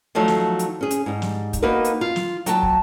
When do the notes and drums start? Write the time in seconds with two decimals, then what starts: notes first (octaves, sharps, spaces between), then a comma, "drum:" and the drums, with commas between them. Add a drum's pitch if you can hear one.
0.15 D#3 F3 F#3 A3 C#5
0.28 drum: snare
0.59 drum: hi-hat
0.81 C#4 G#4
0.91 drum: hi-hat
1.06 G#2 G3
1.22 drum: snare
1.53 drum: kick, hi-hat
1.62 A#3 B3 D#4 F#4 A#4 B4
1.84 drum: hi-hat
2.01 F4
2.16 drum: snare
2.46 F#3 G5 A5, drum: hi-hat
2.63 drum: kick